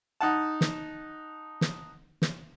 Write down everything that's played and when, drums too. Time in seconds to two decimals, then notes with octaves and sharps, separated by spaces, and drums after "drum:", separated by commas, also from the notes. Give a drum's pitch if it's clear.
0.21 D#4 F#5 A5
0.61 drum: snare
1.61 drum: snare
2.22 drum: snare